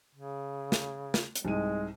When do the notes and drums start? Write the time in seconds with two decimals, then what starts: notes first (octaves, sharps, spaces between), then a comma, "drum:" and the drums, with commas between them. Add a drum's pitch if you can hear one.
0.15 C#3
0.72 drum: snare
1.14 drum: snare
1.35 drum: hi-hat
1.45 C2 G#2 G#3 D#7